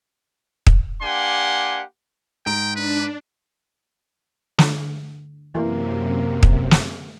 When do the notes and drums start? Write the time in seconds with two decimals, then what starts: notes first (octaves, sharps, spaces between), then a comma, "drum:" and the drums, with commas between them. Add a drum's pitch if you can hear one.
0.67 drum: kick
1.02 A#3 D4 G4 F#5 G#5 C6
2.46 G#2 G5 A#5 D7
2.76 D4 B4
4.59 D3, drum: snare
5.55 F#2 C3 E3 A#3
6.43 drum: kick
6.71 drum: snare